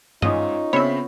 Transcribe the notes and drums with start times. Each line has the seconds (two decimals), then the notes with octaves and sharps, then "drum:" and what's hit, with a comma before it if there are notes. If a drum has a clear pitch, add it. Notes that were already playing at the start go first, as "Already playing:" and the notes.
0.22 G#2 C#4 D#4 F4 D#5, drum: tom G2
0.73 C#3 B3 C4 C#5 E5 B5